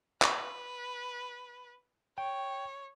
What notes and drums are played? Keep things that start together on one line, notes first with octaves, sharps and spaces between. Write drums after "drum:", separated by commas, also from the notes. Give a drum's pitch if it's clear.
B4, drum: clap
C#5 G5